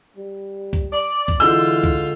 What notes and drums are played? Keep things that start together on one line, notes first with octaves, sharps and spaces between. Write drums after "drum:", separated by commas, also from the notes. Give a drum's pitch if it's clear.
G3
drum: kick
D5
drum: kick
D3 E3 G#3 F4 E6 G6
drum: kick